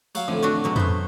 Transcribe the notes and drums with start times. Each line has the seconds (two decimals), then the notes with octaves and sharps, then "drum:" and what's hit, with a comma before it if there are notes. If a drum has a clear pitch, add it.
0.15 F#3 F#4 F5, drum: tambourine
0.28 F2 A2 D3 F3
0.43 A3 D4 F#4
0.64 B2 F#3 G#3
0.76 A3 B3 C5, drum: tom F2